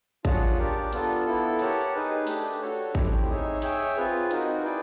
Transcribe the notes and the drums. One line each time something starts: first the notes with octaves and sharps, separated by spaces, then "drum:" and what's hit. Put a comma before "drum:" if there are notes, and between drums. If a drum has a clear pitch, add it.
D4 F4 G#4 C#5 F#5, drum: kick A1
D4 G4 A#4 D5
B3 D4 F4 A4, drum: hi-hat
B3 E4 A4
G4 A#4 C#5 F#5 A5, drum: hi-hat
D#4 G#4 B4
A3 D4 G4, drum: open hi-hat
D4 F#4 A4 C#5
A3 C4 E4 G4, drum: kick A1
D#4 G#4 C#5 E5
G#4 C#5 E5 G5, drum: hi-hat
C4 F4 G#4 B4
D#4 F#4 A#4, drum: hi-hat
E4 G#4 B4 D5 G5